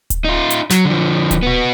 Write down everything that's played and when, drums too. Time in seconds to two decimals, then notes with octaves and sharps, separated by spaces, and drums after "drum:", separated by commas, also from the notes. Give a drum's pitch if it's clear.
0.10 drum: kick D1, hi-hat
0.25 D#4 F4
0.50 drum: hi-hat
0.71 F#3, drum: snare
0.85 D3 F3
1.31 drum: kick D1, hi-hat
1.43 B3 F#4